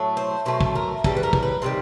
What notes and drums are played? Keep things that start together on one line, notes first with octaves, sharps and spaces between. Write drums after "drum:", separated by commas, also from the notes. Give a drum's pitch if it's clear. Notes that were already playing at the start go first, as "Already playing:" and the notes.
Already playing: A2 F#3 A3
C5
B2 F#3 A3 C5
drum: kick
A#4
C#3 E3 G3 A4, drum: kick
B4
A#4
drum: kick
B4
C3 D#3 G3 C5